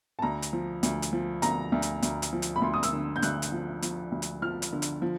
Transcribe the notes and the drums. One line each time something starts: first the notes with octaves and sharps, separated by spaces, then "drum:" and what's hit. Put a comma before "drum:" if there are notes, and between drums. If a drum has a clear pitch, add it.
A5
D2 A#5
drum: hi-hat
F3
D2, drum: hi-hat
drum: hi-hat
F3
D2 A#5, drum: hi-hat
D2
drum: hi-hat
D2, drum: hi-hat
drum: hi-hat
F3
drum: hi-hat
B5
D2 C6
D#6
E6, drum: hi-hat
D3
G6
D2 F#6, drum: hi-hat
drum: hi-hat
F3
F3, drum: hi-hat
D2
drum: hi-hat
F3 F6
drum: hi-hat
D3
drum: hi-hat
F3